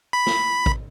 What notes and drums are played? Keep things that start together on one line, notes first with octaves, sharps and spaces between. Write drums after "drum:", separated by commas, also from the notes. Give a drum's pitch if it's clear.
B5
drum: snare
drum: kick